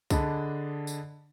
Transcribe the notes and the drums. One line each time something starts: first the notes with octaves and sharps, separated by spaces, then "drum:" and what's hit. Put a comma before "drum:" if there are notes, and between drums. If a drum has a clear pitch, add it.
D3 D4 G#4 D#5 A5 B5, drum: kick C2, tambourine
drum: tambourine